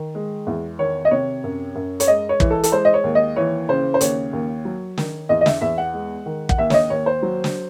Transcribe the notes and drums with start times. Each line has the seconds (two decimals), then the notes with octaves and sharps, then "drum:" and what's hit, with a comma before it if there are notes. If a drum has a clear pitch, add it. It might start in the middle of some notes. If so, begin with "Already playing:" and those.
Already playing: D#3
0.15 G#3
0.47 E2
0.79 D#3 C#5
1.05 D#5
1.11 C3 C#5
1.44 F#2
1.75 F#2
2.00 C#5, drum: hi-hat
2.08 G#3 D#5
2.29 C#5
2.40 E3, drum: kick
2.50 A4
2.63 A4, drum: hi-hat
2.72 G#3 C5
2.85 D#5
2.94 C#5
3.04 D#2
3.15 D#5
3.36 E3 C#5
3.69 C#3 C5
3.94 C5
4.01 D#2 C#5, drum: hi-hat
4.33 D#2
4.65 F#3
4.98 D#3, drum: snare
5.29 E2 D#5
5.41 D#5
5.46 E5, drum: snare
5.61 E2 E5
5.78 F#5
5.94 G#3
6.26 D#3
6.49 F#5, drum: kick
6.58 D#2 E5
6.70 C#5, drum: snare
6.74 D#5
6.90 D#2 C#5
7.06 C5
7.22 F#3
7.44 drum: snare